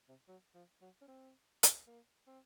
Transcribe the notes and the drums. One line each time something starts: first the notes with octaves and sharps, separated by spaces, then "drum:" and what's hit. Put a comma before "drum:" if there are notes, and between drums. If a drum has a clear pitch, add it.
C3
F#3
F3
F#3
C#4
C4
drum: hi-hat
A#3
C4